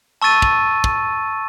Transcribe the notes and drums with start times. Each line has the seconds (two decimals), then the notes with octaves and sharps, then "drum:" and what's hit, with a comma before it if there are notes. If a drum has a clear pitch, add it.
0.22 A5 C#6 E6 A6 D#7
0.42 drum: kick
0.84 drum: kick